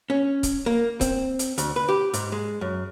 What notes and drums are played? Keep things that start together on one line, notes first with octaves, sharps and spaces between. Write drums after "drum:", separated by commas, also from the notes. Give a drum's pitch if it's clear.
C#4
drum: kick, hi-hat
A#3
C4, drum: kick, hi-hat
drum: hi-hat
D2, drum: hi-hat
B4
G4
G#2, drum: hi-hat
G#3
F#2